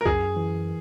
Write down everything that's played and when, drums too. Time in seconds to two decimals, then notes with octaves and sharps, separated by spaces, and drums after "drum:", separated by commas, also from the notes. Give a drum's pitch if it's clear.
0.01 A#4
0.06 F#2 G#4, drum: kick C2
0.36 E3